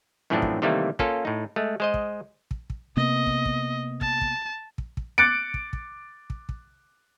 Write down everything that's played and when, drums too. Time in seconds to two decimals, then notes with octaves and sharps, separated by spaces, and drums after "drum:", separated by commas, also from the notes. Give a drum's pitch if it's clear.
0.30 F#2 A2 E3 F3 C4 D4
0.42 drum: kick
0.62 C3 D#3 E3 G3 A3 A#3
0.99 A#3 C#4 F4 A4, drum: kick
1.25 A2 D#4
1.56 G#3 A3
1.80 G#3 C5 D#5
1.94 drum: kick
2.51 drum: kick
2.70 drum: kick
2.97 C3 A#3 B3 D#5
3.27 drum: kick
3.45 drum: kick
4.01 A5, drum: kick
4.21 drum: kick
4.78 drum: kick
4.97 drum: kick
5.18 D6 F#6 A6 C#7 D7
5.54 drum: kick
5.73 drum: kick
6.30 drum: kick
6.49 drum: kick